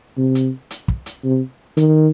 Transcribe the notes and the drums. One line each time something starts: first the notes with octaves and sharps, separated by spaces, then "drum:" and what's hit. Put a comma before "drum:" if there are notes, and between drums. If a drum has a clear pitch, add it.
C3
drum: hi-hat
drum: hi-hat
drum: kick
drum: hi-hat
C3
D#3, drum: hi-hat